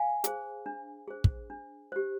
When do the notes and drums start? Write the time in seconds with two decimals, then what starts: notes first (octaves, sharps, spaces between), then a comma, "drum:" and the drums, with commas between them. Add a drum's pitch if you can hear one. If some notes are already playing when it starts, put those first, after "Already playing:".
Already playing: F5 G#5
0.24 G#4 C5, drum: hi-hat
0.66 D4
1.08 G#4 C5
1.24 drum: kick
1.50 D4
1.92 G4 C5